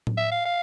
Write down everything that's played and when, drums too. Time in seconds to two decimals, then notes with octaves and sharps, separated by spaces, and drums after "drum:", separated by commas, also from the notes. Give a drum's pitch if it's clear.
0.07 drum: tom A2
0.17 E5
0.32 F5
0.46 F5